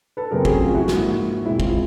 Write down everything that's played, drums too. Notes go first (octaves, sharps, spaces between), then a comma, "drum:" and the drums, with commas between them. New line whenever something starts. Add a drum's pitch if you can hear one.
A4 B4
F#2 C#3 F#3 A3 C4 G#4 A#4
F#4 G#4, drum: kick
F4
E4 F#4
G#2 F3 A#3, drum: snare
E2 B2 G#3 C4 E4
F4, drum: kick